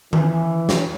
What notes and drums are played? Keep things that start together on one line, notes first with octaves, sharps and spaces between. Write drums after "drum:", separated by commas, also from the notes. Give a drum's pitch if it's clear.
E3, drum: tom D#3
drum: snare